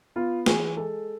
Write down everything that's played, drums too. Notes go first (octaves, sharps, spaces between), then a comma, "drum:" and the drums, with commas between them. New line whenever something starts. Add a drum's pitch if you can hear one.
B3 F4
E3 G#4, drum: snare
G#3 A4